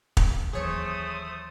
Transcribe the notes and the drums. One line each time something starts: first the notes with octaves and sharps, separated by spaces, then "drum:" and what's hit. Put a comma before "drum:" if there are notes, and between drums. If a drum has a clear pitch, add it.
drum: kick
D#2 E3 F#3 A3 G#4 C5 C#5 D#6